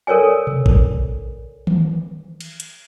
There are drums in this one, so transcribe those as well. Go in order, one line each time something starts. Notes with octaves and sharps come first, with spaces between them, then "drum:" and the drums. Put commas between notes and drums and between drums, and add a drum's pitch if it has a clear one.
A4 A#4 C#5 D5 G#5
drum: tom B2
drum: kick
drum: tom D#3
drum: cymbal
drum: hi-hat